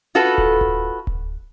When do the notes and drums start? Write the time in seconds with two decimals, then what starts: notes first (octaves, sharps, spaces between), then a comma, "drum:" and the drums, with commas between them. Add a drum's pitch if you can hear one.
0.15 F4 F#4 A4 B4
0.38 drum: kick D1
0.61 drum: kick D1
1.07 drum: kick D1